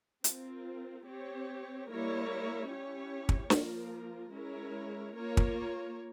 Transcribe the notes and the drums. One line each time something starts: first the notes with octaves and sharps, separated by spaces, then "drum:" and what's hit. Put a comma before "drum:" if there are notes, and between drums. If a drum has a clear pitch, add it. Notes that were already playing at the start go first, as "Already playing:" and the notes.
C4 F4 A#4, drum: hi-hat
C4 G4 C#5
G3 A#3 E4 A#4 C#5
C#4 E4 G4 C#5
drum: kick
F3 A#3 F4 A#4, drum: snare
G#3 C#4 E4 A#4 C#5
A#3 F4 A#4 C#5
drum: kick